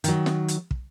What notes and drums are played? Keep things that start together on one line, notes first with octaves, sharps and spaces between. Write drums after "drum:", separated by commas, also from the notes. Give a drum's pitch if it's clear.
D#3 F#3, drum: hi-hat
drum: snare
drum: hi-hat
drum: kick